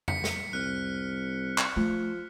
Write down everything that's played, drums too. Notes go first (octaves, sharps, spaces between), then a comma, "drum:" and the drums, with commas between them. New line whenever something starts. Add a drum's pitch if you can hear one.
B6 C#7, drum: tom F2
drum: snare
C2 F6 F#6
drum: clap
F3 A3